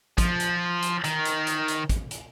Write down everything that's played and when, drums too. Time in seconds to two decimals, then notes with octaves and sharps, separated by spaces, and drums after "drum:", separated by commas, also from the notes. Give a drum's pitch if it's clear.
0.18 F3, drum: kick, hi-hat
0.40 drum: hi-hat
0.83 drum: hi-hat
1.04 D#3, drum: hi-hat
1.25 drum: hi-hat
1.47 drum: hi-hat
1.68 drum: hi-hat
1.89 drum: kick, hi-hat
2.11 drum: hi-hat